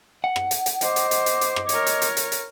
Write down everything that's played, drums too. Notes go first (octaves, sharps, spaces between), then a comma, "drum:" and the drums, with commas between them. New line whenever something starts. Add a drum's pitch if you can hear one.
F#5
drum: rim click
drum: hi-hat
drum: hi-hat
C5 D#5 D6, drum: hi-hat
drum: hi-hat
drum: hi-hat
drum: hi-hat
drum: hi-hat
drum: rim click
A#4 C#5, drum: hi-hat
drum: hi-hat
drum: hi-hat
drum: hi-hat
drum: hi-hat